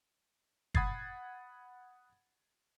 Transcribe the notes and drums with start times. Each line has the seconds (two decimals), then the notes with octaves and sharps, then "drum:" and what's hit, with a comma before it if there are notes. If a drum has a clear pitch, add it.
0.75 F#5 B5 D#6 G#6 A6 C7, drum: kick